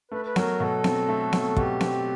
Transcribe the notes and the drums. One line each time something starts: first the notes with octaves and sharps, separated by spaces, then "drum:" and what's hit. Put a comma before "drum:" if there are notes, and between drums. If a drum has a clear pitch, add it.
A3 B4
B4
F#3 A#4, drum: snare B3
B2 A4
C4, drum: snare B3
A3
F#3, drum: snare B3
B2 G4, drum: kick
C4, drum: snare B3